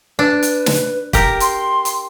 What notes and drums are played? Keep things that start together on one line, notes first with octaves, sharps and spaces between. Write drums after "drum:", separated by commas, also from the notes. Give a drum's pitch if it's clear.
D4 B4
drum: hi-hat
drum: snare
G4 A#4, drum: kick, hi-hat
C6, drum: hi-hat
drum: hi-hat